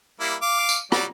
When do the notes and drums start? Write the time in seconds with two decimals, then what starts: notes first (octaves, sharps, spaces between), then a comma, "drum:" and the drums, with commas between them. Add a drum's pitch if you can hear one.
0.20 G3 A#3 E4
0.42 F5 D6
0.69 drum: tambourine
0.92 F#3 G3 D5, drum: rim click